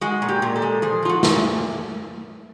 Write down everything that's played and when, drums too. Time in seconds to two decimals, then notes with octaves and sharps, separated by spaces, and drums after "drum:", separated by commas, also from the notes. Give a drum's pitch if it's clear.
0.01 G#3 F#4
0.22 A#2
0.28 G4
0.42 A#2
0.56 A4
0.62 G#3
0.82 F3 G#4
1.03 F3 F4
1.09 F#4
1.23 A#2, drum: snare